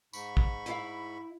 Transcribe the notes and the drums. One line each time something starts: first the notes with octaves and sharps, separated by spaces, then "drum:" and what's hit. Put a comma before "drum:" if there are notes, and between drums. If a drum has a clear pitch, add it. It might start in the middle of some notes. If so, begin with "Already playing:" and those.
G#2 B5 C#6, drum: tambourine
drum: kick
E4 E5 F5, drum: hi-hat